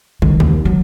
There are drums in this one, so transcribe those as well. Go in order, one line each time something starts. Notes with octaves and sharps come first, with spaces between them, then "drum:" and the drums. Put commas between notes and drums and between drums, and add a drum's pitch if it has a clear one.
D#3, drum: kick
D#2, drum: kick
F#3